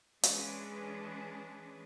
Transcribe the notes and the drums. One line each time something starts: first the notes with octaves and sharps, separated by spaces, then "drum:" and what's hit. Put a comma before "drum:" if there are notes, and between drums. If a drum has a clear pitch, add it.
E3 G#3 C#4 D4 G#4 B4, drum: hi-hat